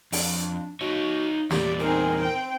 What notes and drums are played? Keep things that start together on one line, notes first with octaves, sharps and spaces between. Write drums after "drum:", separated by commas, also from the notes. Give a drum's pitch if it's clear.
F2 D4, drum: open hi-hat
D#4 F#4 C#5
E2 A#2 G4 D5, drum: snare
C4 D#4 G#4 A#4
C4 G5